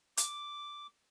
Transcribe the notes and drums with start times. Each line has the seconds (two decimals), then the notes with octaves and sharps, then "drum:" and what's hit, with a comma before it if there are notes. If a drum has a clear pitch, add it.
0.17 D6, drum: hi-hat